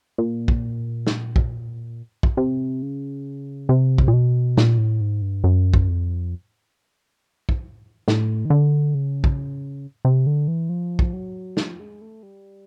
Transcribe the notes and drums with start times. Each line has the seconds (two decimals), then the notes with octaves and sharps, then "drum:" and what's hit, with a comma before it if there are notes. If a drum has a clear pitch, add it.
0.18 A#2
0.48 drum: kick
1.07 drum: snare
1.36 drum: kick
2.23 drum: kick
2.37 C3
2.82 C#3
3.69 C3
3.98 drum: kick
4.08 A#2
4.13 B2
4.57 A#2, drum: snare
4.78 A2
5.01 G#2
5.22 G2
5.44 F#2
5.74 drum: kick
5.88 F2
7.49 drum: kick
8.08 A2, drum: snare
8.45 D#3
8.50 D3
8.95 C#3
9.24 drum: kick
10.05 C3
10.27 D3
10.48 E3
10.69 F3
10.99 drum: kick
11.13 F#3
11.57 F3, drum: snare
11.80 G#3
12.01 A3
12.23 G3